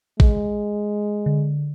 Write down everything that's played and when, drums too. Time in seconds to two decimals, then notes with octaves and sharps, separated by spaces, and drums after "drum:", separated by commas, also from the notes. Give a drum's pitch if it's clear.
0.20 G#3, drum: kick A1
1.26 D3